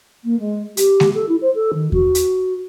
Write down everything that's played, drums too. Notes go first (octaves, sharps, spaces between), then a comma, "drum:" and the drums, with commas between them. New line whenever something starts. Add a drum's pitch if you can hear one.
A#3
G#3
G4, drum: hi-hat
drum: snare G#3
A4
E4
C5
A4
D#3
F#4, drum: kick E2
drum: hi-hat